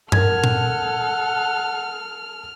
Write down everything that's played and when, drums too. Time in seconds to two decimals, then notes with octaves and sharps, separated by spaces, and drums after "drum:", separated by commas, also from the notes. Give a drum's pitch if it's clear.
0.12 A4 A#4 F#5 F6 G#6, drum: tom G2
0.44 drum: tom A#2